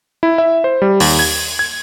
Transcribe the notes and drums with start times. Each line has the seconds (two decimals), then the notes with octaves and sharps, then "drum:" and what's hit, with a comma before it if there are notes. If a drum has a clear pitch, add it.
0.23 E4
0.38 E5
0.64 C5
0.82 G3
1.00 D#2, drum: open hi-hat
1.19 G#6
1.59 G#6